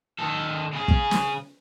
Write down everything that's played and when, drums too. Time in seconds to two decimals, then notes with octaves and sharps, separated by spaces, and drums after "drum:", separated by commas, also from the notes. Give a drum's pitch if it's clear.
0.19 D#3 A4
0.73 C#3 G#4
0.88 drum: kick
1.11 drum: snare